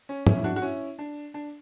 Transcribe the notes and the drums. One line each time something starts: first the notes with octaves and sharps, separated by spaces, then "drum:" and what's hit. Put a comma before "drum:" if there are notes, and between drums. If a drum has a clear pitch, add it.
C#4
C#4 E4, drum: tom
E4
D4 F#4
F#4
C#4 E4
D4
D4